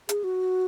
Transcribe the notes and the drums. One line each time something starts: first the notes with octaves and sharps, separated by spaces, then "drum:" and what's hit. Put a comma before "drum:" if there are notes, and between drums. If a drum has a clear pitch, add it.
G#4, drum: hi-hat
F#4